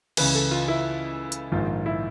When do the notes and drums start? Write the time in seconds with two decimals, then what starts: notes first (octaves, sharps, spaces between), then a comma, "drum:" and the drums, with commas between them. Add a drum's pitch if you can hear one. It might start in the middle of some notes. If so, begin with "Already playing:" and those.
0.17 C#2 C#3 E3 B4, drum: cymbal
0.35 A4
0.51 F4
0.68 E4
1.32 drum: hi-hat
1.52 A#1 G#2 D#3 F4
1.86 E4